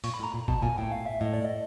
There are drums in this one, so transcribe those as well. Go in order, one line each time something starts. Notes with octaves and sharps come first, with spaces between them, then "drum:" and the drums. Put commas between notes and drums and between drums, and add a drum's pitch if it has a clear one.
A#2 C#6, drum: open hi-hat
B5
A2
A#5
A#2
B2 A5, drum: kick
A#2 G#5
A2 G5
F5
E5
A2 D#5
D5
D#5